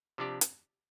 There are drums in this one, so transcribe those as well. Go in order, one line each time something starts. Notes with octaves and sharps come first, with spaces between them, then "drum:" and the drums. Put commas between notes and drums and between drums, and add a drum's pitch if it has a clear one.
C3 F3 D4 G4 D5
drum: hi-hat